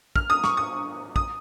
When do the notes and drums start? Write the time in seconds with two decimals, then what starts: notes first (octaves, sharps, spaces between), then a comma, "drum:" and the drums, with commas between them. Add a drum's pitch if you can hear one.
0.16 F6, drum: kick
0.30 D#6
0.44 C#6, drum: snare
0.57 D#6
1.16 D#6, drum: kick